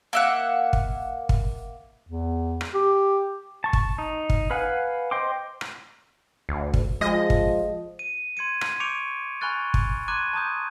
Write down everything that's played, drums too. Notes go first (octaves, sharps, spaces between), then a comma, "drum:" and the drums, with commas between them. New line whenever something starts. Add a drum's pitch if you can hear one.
A#3 E5 F#5
drum: kick
drum: kick
E2
drum: rim click
G4
A5 C#6
drum: kick
D#4
drum: kick
B4 F5 F#5 G#5
C5 D#5 G5 C6 D6
drum: rim click
D2
drum: kick
F3 G#3 D#5
drum: kick
D#7
C6 G#6 C#7 D#7
drum: rim click
C#6 D6 G6 C#7 D7 F7
G#5 B5 C#6 F6 F#6 A6
drum: kick
A#5 C6 D6 F#6 G#6 D#7
A5 A#5 D#6 G6